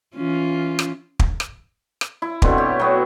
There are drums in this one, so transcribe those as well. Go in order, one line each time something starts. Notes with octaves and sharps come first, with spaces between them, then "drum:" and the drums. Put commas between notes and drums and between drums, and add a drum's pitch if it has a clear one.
E3 C#4 F4
drum: rim click
drum: kick
drum: rim click
drum: rim click
E4
B2 D3 A3 C4, drum: kick
G4 C#5
F#3 B3